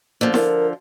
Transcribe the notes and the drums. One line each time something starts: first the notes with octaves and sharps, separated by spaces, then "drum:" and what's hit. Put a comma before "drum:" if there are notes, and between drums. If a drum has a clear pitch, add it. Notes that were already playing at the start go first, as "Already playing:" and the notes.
D3 F3 A#3
A#4, drum: snare E4